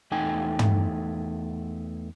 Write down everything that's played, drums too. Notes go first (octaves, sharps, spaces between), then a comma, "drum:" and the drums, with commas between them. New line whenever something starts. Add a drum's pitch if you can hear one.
E2 A3 D#4 G5 G#5
drum: tom